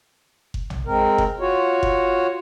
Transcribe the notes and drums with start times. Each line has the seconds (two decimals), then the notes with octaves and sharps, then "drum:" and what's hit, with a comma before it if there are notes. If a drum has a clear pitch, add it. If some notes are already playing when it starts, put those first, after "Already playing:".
0.54 drum: kick F#1
0.70 drum: tom
0.86 G#3 C4 A#4
1.18 drum: kick F#1
1.40 F4 F#4 C#5
1.83 drum: kick F#1